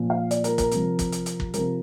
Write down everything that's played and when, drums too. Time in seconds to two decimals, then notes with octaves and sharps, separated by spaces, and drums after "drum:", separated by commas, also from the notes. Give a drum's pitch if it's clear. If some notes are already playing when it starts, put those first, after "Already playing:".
Already playing: A#2 F3
0.10 F5
0.31 D5, drum: hi-hat
0.44 A#4, drum: hi-hat
0.58 A#4, drum: kick, hi-hat
0.72 C3 F3, drum: hi-hat
0.99 drum: kick, hi-hat
1.12 drum: hi-hat
1.26 drum: hi-hat
1.40 drum: kick
1.54 C3 F3 A#4, drum: hi-hat